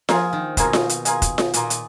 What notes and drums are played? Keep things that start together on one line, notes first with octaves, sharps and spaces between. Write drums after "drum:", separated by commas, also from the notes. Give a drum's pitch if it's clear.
F3 A#3 F4 G#4, drum: snare F4
D#3
B2 A#3 F4 G#4, drum: kick F1, hi-hat
drum: snare F4
drum: hi-hat
A#3 F4 G#4, drum: hi-hat
drum: kick F1, hi-hat
drum: snare F4
A#2 A#3 F4 G#4, drum: hi-hat
drum: hi-hat